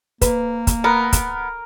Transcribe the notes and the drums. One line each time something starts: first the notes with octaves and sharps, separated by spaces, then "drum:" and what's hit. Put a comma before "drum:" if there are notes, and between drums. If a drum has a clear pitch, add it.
A#3 B4, drum: kick, hi-hat
drum: kick, hi-hat
B3 A#4
drum: kick, hi-hat